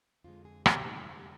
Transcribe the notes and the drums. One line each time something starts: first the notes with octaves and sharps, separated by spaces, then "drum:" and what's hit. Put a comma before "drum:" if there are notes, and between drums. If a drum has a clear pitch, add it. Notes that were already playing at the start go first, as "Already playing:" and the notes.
F2 D3 G#3 F4
G#4
G4, drum: rim click
F2 D3 G#3 D#4
F4
G4